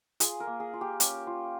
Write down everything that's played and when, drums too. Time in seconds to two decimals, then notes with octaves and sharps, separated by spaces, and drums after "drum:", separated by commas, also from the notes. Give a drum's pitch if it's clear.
0.20 F4 G#4, drum: hi-hat
0.40 A#4
0.47 A#3
0.60 G#4
0.73 F4
0.81 G4
1.00 C#4 G4, drum: hi-hat
1.27 F4